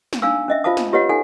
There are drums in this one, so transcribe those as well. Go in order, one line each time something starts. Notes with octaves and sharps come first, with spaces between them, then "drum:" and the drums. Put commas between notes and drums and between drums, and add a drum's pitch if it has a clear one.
drum: snare G#3
D4 D#4 F5 G#5 E6
C#4 D#5 E5
F4 C5 F5 A5 D#6
drum: snare G#3
F4 G4 B4 C#5 D#5 F#5
D#4 A4 F#5 G#5